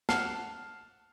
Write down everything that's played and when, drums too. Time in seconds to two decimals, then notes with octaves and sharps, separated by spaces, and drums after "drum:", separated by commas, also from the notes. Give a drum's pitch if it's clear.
0.09 F#5 A5 F6 C7, drum: snare